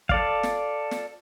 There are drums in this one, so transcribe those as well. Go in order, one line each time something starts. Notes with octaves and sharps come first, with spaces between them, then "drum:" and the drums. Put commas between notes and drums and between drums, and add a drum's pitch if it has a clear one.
A4 D5 F5, drum: kick
drum: snare
drum: snare